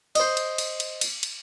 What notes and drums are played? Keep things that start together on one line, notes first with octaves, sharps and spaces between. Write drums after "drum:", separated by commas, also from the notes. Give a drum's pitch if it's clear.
C5 D#5, drum: cymbal
drum: cymbal
drum: cymbal
drum: cymbal
drum: cymbal
drum: cymbal